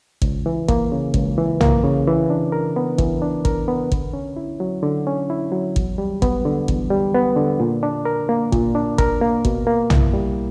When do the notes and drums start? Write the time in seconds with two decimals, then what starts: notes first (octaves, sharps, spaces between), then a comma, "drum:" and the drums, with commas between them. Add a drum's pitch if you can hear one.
0.22 C#2, drum: kick
0.46 E3
0.68 A#3, drum: kick
0.92 C#3
1.14 C#2, drum: kick
1.38 E3
1.61 A#3, drum: tom B1
1.83 C#3
2.07 E3
2.30 D4
2.52 A#4
2.76 B3
2.98 E3, drum: kick
3.22 D4
3.45 A#4, drum: kick
3.68 B3
3.92 D3, drum: kick
4.13 C#4
4.36 E4
4.60 F#3
4.83 D3
5.07 C#4
5.30 E4
5.52 F#3
5.76 E2, drum: kick
5.98 G3
6.22 B3, drum: kick
6.45 D3
6.68 E2, drum: kick
6.90 G3
7.14 B3
7.36 D3
7.60 A#2
7.83 D4
8.05 A#4
8.29 A#3
8.52 A#2, drum: kick
8.75 D4
8.98 A#4, drum: kick
9.21 A#3
9.45 B2, drum: kick
9.67 A#3
9.90 E4, drum: tom B1
10.13 G3